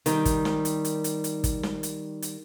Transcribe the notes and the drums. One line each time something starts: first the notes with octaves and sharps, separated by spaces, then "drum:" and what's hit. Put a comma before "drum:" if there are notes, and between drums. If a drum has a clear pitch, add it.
D#3 G3, drum: hi-hat
drum: kick, hi-hat
drum: snare
drum: hi-hat
drum: hi-hat
drum: hi-hat
drum: hi-hat
drum: kick, hi-hat
drum: snare
drum: hi-hat
drum: hi-hat